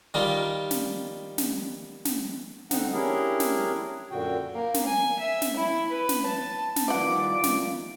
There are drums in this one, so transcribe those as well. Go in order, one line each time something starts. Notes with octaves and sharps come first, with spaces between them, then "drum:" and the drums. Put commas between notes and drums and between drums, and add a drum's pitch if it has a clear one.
D#3 G3 D#4 F4
drum: snare
drum: snare
drum: snare
D3 C4 D#4 F#5, drum: snare
C#4 D4 E4 G4 G#4 A#4
drum: snare
F#2 A#2 D3 F#4 G5
A#3
drum: snare
G#5
E5
drum: snare
E4
B4
drum: snare
A5
drum: snare
D#3 E3 G3 F4 D5 F#5 D6
drum: snare